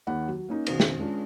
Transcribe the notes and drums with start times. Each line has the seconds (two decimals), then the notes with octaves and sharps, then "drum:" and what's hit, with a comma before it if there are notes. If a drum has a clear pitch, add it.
0.07 D#2 D#3 F#5 B5
0.28 F#3
0.48 A#3 C#4 D#4
0.66 B2 D#3 C4 C#4, drum: cymbal
0.80 drum: snare
0.99 G#3 C#4 D4 F4